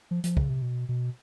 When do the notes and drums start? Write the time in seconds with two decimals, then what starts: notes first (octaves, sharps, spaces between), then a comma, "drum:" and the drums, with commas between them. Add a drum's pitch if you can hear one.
0.11 F3
0.24 F3, drum: hi-hat
0.37 C#3, drum: kick
0.49 C3
0.62 B2
0.89 B2